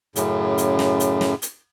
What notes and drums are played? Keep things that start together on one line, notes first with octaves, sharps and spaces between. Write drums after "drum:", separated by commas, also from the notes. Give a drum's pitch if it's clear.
F#2 A2 C#3, drum: hi-hat
drum: hi-hat
drum: snare
drum: hi-hat
drum: snare
drum: hi-hat